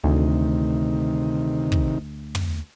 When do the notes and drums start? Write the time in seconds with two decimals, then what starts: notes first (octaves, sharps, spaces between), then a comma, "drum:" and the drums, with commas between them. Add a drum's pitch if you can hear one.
0.04 D2 C3 D#3
1.72 drum: kick
2.35 drum: tom